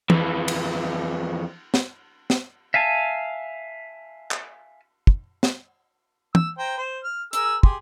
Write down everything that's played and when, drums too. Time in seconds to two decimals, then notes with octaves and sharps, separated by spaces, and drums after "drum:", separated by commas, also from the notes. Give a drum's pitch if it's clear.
0.10 F2 E3, drum: tom
0.48 drum: cymbal
1.74 drum: snare
2.30 drum: snare
2.74 E5 F5 G#5 A5
4.31 drum: clap
5.07 drum: kick
5.43 drum: snare
6.35 E6, drum: tom
6.59 C5 G5 A#5
6.78 C5
7.04 F6
7.33 G#4 A#4 E6, drum: hi-hat
7.63 G4 G#4 C6, drum: kick